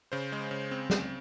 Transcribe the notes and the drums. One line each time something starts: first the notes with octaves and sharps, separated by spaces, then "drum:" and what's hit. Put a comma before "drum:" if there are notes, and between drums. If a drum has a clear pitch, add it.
C#3 C5
G#3
C#3
C4
C#3, drum: snare